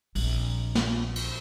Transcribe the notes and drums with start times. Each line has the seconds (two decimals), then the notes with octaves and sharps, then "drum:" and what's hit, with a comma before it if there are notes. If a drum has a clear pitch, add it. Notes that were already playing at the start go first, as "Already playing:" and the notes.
0.15 A#1 C4, drum: open hi-hat
0.75 drum: snare
1.16 drum: cymbal